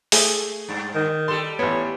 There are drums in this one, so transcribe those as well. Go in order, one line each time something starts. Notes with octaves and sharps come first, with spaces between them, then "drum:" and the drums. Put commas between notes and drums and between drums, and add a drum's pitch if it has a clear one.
A3 G#4, drum: open hi-hat
G2
D#3
G3 A4 C6
A1 B3 C#5